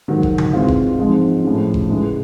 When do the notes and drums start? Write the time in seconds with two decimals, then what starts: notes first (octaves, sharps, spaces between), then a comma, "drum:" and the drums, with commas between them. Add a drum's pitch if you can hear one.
0.08 G#2 D#3 F#3
0.23 drum: kick F#1
0.38 drum: tom C#3
0.53 E3 G#3 C4 F4
0.68 drum: kick F#1
0.99 G#2 F3 G#3 C4 D#4
1.44 A2 F3 G#3 C#4
1.74 drum: kick F#1
1.89 C#3 E3 G#3